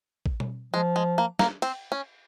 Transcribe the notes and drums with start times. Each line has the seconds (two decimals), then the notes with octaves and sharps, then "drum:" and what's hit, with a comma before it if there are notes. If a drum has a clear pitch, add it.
0.26 drum: kick A1
0.40 drum: tom B2
0.74 F3 G#3
0.96 G#3
1.18 A#3
1.39 A#3, drum: snare
1.62 C4, drum: cymbal
1.92 C#4